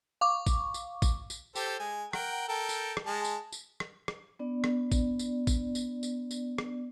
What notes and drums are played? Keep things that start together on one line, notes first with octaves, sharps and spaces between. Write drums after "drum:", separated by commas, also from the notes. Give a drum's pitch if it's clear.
F5 C#6 D6
drum: kick A1, tambourine
drum: tambourine
drum: kick A1, tambourine
drum: tambourine
G4 A4 C5, drum: tambourine
G#3 G#5
A#4 F#5 G5, drum: rim click
A4 A#4 G5
drum: tambourine
drum: rim click
G#3 A5
drum: tambourine
drum: tambourine
drum: rim click
drum: rim click
B3 D4 D5
drum: rim click
drum: kick A1, tambourine
drum: tambourine
drum: kick A1, tambourine
drum: tambourine
drum: tambourine
drum: tambourine
drum: rim click